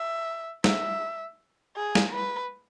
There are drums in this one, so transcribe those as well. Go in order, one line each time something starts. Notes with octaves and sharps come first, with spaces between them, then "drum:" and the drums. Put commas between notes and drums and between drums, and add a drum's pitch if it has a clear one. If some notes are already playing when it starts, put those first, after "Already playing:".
Already playing: E5
E5, drum: snare
G#4
drum: snare
B4